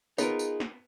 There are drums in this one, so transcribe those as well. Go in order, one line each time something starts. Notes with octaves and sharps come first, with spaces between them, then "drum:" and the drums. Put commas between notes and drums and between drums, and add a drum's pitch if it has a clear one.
B3 D#4 F4 G#4 A#4, drum: tambourine
drum: tambourine
drum: snare